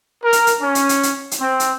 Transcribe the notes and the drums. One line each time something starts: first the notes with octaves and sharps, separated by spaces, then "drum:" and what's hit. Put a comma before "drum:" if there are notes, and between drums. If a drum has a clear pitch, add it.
A#4
drum: hi-hat
drum: hi-hat
C#4
drum: hi-hat
drum: hi-hat
drum: hi-hat
drum: hi-hat
C4
drum: hi-hat